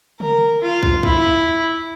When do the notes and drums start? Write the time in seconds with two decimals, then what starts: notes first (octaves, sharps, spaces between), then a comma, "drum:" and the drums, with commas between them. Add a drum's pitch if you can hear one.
0.20 A#4, drum: tom C#3
0.61 F4
0.83 drum: kick
1.03 E4, drum: kick